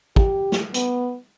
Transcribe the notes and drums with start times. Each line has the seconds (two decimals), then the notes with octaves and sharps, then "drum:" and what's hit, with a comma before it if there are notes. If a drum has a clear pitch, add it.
0.16 G4, drum: kick
0.52 drum: snare
0.74 B3, drum: hi-hat